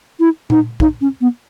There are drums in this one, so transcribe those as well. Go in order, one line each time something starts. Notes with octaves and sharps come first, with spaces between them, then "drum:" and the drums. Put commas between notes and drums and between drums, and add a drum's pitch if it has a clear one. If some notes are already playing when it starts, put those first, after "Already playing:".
E4
D#4, drum: tom A#2
D#4, drum: kick
C#4
B3